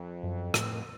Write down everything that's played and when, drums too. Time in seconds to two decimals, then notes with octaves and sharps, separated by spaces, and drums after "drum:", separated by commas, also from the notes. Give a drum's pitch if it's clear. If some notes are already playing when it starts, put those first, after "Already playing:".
Already playing: F2
0.23 F#2
0.54 A2, drum: rim click